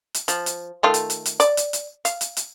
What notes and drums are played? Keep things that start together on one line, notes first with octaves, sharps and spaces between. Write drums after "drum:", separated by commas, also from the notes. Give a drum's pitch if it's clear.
drum: hi-hat
F3, drum: hi-hat
drum: hi-hat
D#3 A3 F4
drum: hi-hat
drum: hi-hat
drum: hi-hat
D5, drum: hi-hat
drum: hi-hat
drum: hi-hat
F5, drum: hi-hat
drum: hi-hat
drum: hi-hat